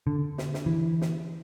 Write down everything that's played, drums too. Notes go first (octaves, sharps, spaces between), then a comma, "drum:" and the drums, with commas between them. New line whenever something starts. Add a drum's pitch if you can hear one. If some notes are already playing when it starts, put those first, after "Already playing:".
D3
drum: snare
drum: snare
E3
drum: snare